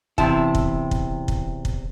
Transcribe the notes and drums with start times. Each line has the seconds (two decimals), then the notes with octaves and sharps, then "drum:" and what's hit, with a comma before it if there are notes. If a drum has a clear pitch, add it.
0.18 E2 C3 E4 A5, drum: kick
0.55 drum: kick
0.91 drum: kick
1.28 drum: kick
1.65 drum: kick